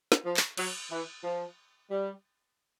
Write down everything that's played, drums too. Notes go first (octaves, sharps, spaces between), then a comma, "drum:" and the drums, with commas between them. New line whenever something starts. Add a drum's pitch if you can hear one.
drum: snare
F3
drum: clap
F#3, drum: cymbal
E3
F3
G3